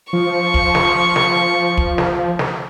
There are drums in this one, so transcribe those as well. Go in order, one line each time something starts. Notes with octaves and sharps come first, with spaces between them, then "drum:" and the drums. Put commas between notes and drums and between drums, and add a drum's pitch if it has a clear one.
F3 C#6
drum: kick
drum: snare
drum: snare
drum: kick
drum: snare
drum: snare